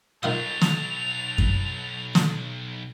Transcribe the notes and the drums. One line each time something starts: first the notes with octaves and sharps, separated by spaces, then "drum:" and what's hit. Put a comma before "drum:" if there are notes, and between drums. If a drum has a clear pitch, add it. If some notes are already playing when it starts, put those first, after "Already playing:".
B1 D#3 F#3 F4 A5 D#6 F7
drum: snare
drum: kick F#2
drum: snare